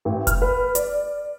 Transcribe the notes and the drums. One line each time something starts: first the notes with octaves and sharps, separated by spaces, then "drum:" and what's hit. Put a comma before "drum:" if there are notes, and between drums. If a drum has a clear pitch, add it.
A1
F6, drum: kick F1, hi-hat
B4
D5, drum: hi-hat